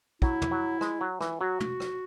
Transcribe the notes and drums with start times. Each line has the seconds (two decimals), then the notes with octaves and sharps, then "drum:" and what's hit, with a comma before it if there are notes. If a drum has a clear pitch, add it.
0.22 F#3 E4, drum: kick
0.42 drum: tom
0.51 F#3
0.81 G#3, drum: rim click
1.01 F#3
1.21 E3, drum: rim click
1.41 F#3 F#4
1.60 drum: tom
1.80 drum: rim click